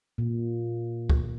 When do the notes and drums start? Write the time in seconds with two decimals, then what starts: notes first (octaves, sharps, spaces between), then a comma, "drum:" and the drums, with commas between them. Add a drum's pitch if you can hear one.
0.18 A#2
1.10 drum: kick